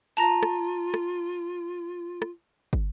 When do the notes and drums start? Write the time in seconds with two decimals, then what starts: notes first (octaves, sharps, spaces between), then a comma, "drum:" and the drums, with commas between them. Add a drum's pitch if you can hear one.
0.17 F4 A5 A#5 A#6
0.43 drum: rim click
0.94 drum: rim click
2.22 drum: rim click
2.73 drum: kick